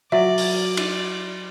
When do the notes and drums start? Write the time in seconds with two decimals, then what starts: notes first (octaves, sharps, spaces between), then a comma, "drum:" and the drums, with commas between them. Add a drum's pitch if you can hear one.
0.12 F#3 D5 E5
0.38 drum: open hi-hat
0.77 drum: cymbal